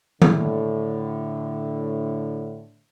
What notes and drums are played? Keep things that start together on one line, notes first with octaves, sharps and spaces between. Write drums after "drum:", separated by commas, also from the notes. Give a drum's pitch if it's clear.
A2 D3, drum: tom D#3